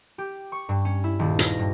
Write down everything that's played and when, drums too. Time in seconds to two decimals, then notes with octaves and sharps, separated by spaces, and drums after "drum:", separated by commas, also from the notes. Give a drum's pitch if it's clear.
0.18 G4
0.52 C#6
0.69 G2
0.85 C#4
1.04 E4
1.19 D#1
1.39 A#6, drum: hi-hat
1.59 G2